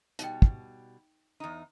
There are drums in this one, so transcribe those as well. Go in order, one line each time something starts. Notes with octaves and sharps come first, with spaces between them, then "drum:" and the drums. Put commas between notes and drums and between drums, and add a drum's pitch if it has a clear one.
B2 G3 D#4 D#5 G5, drum: hi-hat
drum: kick
E2 D#4